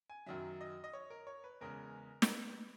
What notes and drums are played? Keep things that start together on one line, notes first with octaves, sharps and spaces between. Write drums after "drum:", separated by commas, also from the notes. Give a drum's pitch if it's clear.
G#5
F#2 D#3 F#3 E5
D#5
D#5
C#5
A#4
C#5
B4
E2 C#3 G#3 A#4
A#4, drum: snare
B4